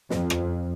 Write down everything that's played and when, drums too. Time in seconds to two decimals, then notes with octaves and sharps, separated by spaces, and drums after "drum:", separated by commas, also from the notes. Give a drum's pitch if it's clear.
0.10 F2, drum: snare
0.30 drum: rim click